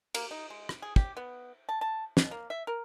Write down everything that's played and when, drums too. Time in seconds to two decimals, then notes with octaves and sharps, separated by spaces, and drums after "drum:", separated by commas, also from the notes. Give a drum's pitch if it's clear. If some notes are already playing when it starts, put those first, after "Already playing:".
0.15 A#3, drum: cymbal
0.31 D#4
0.50 G#3
0.69 drum: rim click
0.82 G#4
0.96 G4, drum: kick
1.17 B3
1.69 A5
1.81 A5
2.17 B2, drum: snare
2.31 A#3
2.50 E5
2.67 A#4